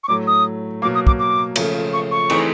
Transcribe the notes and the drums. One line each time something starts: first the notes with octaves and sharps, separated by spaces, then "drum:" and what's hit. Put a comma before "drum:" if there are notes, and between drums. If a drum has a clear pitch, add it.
C#6
A2 F#3 A3 D6
D#6
B2 F#3 A#3 D6
D#6
D6, drum: kick
D6
C#3 F3 A3, drum: cymbal
C#6
C#6
E3 A3 C4 D#4 G#4, drum: cymbal